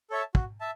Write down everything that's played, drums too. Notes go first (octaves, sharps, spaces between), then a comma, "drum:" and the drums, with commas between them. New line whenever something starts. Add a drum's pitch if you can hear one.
A4 C#5 E5 A5
F#4, drum: kick
E5 A5